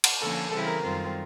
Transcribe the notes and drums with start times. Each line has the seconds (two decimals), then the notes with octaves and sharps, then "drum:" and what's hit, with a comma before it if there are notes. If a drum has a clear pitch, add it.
0.04 drum: cymbal
0.22 D3 F3 A#3 C#4 A4
0.51 C#3 E3 G3 C4 E4 A4
0.66 A#4
0.82 F#2 D#3 G3 C4 F4